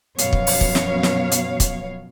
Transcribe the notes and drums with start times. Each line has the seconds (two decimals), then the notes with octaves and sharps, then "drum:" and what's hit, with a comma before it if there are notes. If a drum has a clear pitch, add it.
0.18 F#2 B2 F3 B3 C#5 F5, drum: hi-hat
0.33 drum: kick
0.47 drum: open hi-hat
0.61 drum: kick
0.75 drum: snare
1.03 drum: snare
1.31 drum: hi-hat
1.60 drum: kick, hi-hat